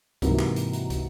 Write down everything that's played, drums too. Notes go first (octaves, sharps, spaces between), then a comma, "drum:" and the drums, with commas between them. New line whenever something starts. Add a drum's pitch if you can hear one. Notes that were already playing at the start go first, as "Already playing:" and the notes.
G#2 C3 E3 F#3 A#3, drum: kick, hi-hat
drum: clap
drum: hi-hat
drum: hi-hat
drum: kick, hi-hat